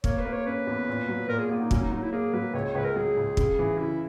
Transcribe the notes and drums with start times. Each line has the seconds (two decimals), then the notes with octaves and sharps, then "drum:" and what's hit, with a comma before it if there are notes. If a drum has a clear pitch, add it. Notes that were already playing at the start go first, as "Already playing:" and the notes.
0.04 A#3 C#5, drum: kick
0.18 B4
0.25 A#3
0.33 C#5
0.46 C#4 B4
0.67 E2
0.88 A#2
1.08 F#3
1.29 A#2 A#4
1.39 G#4
1.50 A#3 B3
1.61 D#4
1.71 F#3 C#4, drum: kick
1.81 D#4
1.91 F#3 D#4
2.03 E4
2.12 A#3 G#4
2.33 F#3 B4
2.54 C#2 C#5
2.64 C#5
2.75 C#2 B4
2.85 A#4
2.96 F#3 G#4
3.17 C#2
3.37 C#3, drum: kick
3.59 E3
3.79 C#3 E4